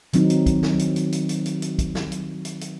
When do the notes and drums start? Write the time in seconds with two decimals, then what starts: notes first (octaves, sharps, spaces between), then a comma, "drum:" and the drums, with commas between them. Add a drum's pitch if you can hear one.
0.13 D#3 F#3 C4 D#4, drum: hi-hat
0.30 drum: hi-hat
0.46 drum: kick, hi-hat
0.63 drum: snare
0.79 drum: hi-hat
0.96 drum: hi-hat
1.12 drum: hi-hat
1.29 drum: hi-hat
1.46 drum: hi-hat
1.62 drum: hi-hat
1.79 drum: kick, hi-hat
1.95 drum: snare
2.12 drum: hi-hat
2.45 drum: hi-hat
2.61 drum: hi-hat